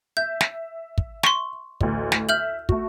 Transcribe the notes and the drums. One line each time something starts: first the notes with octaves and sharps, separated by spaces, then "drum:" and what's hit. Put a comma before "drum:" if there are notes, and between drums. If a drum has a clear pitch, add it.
E5 G6
drum: snare
drum: kick
C6 C#6, drum: snare
A1 D2, drum: kick
drum: snare
E5 F6 G6 F#7
A3 F#4, drum: kick